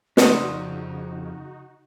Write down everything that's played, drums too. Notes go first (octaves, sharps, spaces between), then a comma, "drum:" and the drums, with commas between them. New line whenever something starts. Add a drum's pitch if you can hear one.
F2 C#3 D#4 F#4 D5 C6 D#6, drum: snare